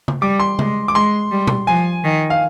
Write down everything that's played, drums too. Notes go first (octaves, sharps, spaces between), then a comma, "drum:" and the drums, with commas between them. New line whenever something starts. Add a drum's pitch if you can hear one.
drum: tom C#3
G3 D6
C6
G#3, drum: tom C#3
D6
G#3 C6
G3
drum: tom B2
F3 G#5
D#3
F5